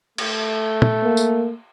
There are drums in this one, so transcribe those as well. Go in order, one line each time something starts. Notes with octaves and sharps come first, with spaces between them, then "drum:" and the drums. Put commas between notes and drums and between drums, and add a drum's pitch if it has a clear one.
A3, drum: cymbal
drum: tom
A#3
drum: tambourine